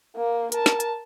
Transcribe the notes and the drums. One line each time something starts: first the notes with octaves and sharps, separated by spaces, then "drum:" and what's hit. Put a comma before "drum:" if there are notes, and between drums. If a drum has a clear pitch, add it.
A#3
A#4 A5, drum: hi-hat
drum: snare
drum: hi-hat